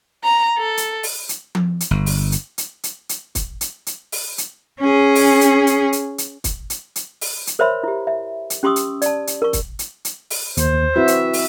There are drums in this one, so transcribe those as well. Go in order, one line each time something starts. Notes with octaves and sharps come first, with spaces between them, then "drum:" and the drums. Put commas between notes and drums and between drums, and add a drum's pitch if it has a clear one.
A#5
A4
drum: hi-hat
drum: open hi-hat
drum: hi-hat
drum: tom F3
drum: hi-hat
G1
drum: open hi-hat
drum: hi-hat
drum: hi-hat
drum: hi-hat
drum: hi-hat
drum: kick, hi-hat
drum: hi-hat
drum: hi-hat
drum: open hi-hat
drum: hi-hat
C#4 G#4
drum: open hi-hat
drum: hi-hat
drum: hi-hat
drum: hi-hat
drum: hi-hat
drum: kick, hi-hat
drum: hi-hat
drum: hi-hat
drum: open hi-hat
drum: hi-hat
A#4 C5 C#5 E5 B5 C6
E4 G4
E5
drum: hi-hat
C#4 G4 C6 C#6 D#6 E6
drum: hi-hat
D5 A5, drum: hi-hat
drum: hi-hat
A#4 C#6
drum: kick, hi-hat
drum: hi-hat
drum: hi-hat
drum: open hi-hat
D#2 C5, drum: hi-hat
C4 E4 F#4 B4 E5
drum: hi-hat
drum: open hi-hat